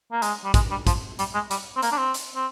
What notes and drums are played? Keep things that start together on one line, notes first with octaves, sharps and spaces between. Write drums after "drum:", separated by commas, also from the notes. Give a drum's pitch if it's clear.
A#3
G#3, drum: hi-hat
G3
G#3, drum: kick, hi-hat
G3
F3, drum: kick, hi-hat
G3, drum: hi-hat
G#3
G3, drum: hi-hat
C4
A#3, drum: hi-hat
D4
C4
drum: hi-hat
C4